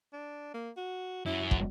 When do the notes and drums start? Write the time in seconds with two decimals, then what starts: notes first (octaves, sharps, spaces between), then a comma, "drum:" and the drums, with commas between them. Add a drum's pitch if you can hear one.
0.13 D4
0.54 A#3
0.77 F#4
1.26 F#2 E4
1.51 drum: kick